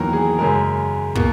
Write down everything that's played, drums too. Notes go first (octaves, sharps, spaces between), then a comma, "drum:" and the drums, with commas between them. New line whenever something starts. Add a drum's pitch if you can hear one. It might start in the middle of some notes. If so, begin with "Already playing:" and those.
Already playing: E2 D#3 F#3 A#3 A#4
G#4
F#2 C#3 G#3 A#4
B2 A#3, drum: kick